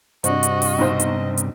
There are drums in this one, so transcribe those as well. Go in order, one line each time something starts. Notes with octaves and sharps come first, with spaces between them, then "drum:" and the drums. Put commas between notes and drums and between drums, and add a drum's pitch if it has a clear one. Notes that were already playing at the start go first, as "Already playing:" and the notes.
G2 C3 C4 D4 F#4 D#5, drum: hi-hat
drum: hi-hat
drum: open hi-hat
B1 D#4 C5
drum: hi-hat
drum: hi-hat